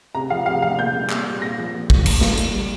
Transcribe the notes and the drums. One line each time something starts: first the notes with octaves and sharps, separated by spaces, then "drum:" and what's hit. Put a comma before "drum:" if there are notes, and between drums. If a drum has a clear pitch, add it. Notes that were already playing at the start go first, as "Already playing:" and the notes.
C3 A#5
F3 F5
C3 F5
F3 F5
A#2 G6
G3
A#2, drum: clap
G3
A#2 A#6
F3
A#2
F3, drum: kick
A#2, drum: cymbal
G3, drum: snare
A#2, drum: hi-hat
G3